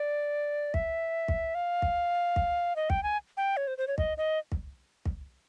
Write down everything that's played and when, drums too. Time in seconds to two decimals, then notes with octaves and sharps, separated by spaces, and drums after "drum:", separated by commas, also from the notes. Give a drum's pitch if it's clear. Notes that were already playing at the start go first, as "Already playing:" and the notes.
Already playing: D5
0.74 E5, drum: kick
1.28 drum: kick
1.55 F5
1.82 drum: kick
2.36 drum: kick
2.76 D#5
2.90 G5, drum: kick
3.03 G#5
3.37 G5
3.57 C#5
3.67 C5
3.78 C5
3.88 C#5
3.98 D#5, drum: kick
4.18 D#5
4.52 drum: kick
5.05 drum: kick